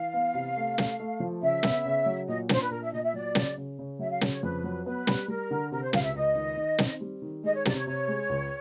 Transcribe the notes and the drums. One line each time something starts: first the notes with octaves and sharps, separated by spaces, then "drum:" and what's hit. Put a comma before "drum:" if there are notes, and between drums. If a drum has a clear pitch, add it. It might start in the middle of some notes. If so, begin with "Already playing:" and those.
Already playing: E3 F5
B3
C3
A3
A3, drum: snare
A3
F3
C#3 E5
B3, drum: snare
C#3
F#3
A#2 D#5
D4 C5, drum: snare
B4
A#2 A#4
E5
A#2 D#5
E5
F#3 D5
C#3, drum: snare
C#3
C#3
F#3 E5
F5
C#3, drum: snare
C#5
F2 B4
F#3
B3 B4
G3, drum: snare
G3 A#4
D3
C3 A#4
C5
C#2 F5, drum: snare
E5
C#2 D#5
D#3
D#3
C4, drum: snare
G3
D#3
G#3 D#5
C#5
C3 D5, drum: snare
C#5
C3 C#5
G#3
C#2